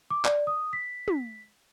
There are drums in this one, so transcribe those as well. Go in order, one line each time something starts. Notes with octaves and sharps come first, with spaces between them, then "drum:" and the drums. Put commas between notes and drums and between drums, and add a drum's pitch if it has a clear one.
D6
D5, drum: clap
D#6
B6
drum: tom